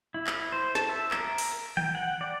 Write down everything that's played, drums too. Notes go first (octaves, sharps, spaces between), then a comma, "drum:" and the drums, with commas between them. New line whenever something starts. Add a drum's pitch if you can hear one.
E4
drum: clap
C5
A5, drum: snare
E5
A#4, drum: clap
drum: open hi-hat
G5, drum: tom D#3
F#5
D5